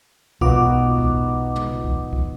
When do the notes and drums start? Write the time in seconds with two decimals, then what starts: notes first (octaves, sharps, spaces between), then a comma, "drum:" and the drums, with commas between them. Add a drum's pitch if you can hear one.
0.41 E1 B1 B2 B3 D#4 F4 F#4 D6, drum: kick
0.98 drum: kick
1.56 drum: tom
1.84 drum: kick
2.13 drum: kick